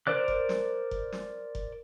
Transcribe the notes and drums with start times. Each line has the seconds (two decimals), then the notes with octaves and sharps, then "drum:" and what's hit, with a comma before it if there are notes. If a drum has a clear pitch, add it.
0.07 A#4 C5 D5 F#6
0.28 drum: kick F1
0.49 drum: snare
0.91 drum: kick F1
1.12 drum: snare
1.55 drum: kick F1